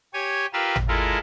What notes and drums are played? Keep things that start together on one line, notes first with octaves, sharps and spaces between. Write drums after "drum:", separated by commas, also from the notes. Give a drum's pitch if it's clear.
G4 C#5 G#5
F4 G4 A#4 B4 F5 E6
drum: tom G#1
G#3 E4 F4 A4 A#4